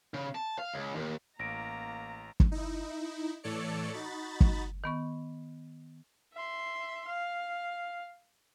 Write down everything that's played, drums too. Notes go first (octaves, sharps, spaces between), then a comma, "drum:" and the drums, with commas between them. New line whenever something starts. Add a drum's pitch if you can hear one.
C#3
A5
F5
C#2
D#2
A1 A#3 A#5 A#6 D7
drum: kick
D#4 E4
A2 E3 A4 C#5 D5 C#7
D#4 F#4 B5 A6
drum: kick
D#3 B3 C#6
E5 C6
F5